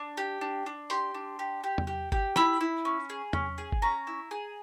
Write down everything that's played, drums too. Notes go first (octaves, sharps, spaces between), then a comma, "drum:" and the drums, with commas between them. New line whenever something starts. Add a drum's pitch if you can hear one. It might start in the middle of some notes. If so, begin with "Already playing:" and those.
Already playing: D4
G4
D4
D4
G4 C6, drum: hi-hat
D4
G4
G4
drum: tom E2
G4
G4, drum: kick G1
E4 B5, drum: snare
E4
C#4
G#4
C#4, drum: tom E2
G#4
drum: kick G1
C#4 A#5
E4
G#4